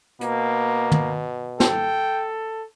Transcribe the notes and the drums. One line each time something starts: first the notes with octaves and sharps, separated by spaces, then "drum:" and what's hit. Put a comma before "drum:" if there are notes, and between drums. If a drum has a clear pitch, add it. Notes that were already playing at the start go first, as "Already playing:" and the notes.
B2 A#3, drum: hi-hat
drum: tom
A4 G5, drum: snare